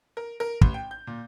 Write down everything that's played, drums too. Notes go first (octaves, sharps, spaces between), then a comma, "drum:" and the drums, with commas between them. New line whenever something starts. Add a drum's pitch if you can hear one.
A#4
A#4
A1, drum: kick
G5
G6
A#2